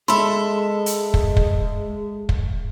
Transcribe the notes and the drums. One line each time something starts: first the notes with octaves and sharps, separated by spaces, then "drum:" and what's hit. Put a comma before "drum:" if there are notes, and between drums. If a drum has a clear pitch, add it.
G#3 G#4 A4 E5 B5 C6
drum: hi-hat
drum: kick
drum: kick
drum: kick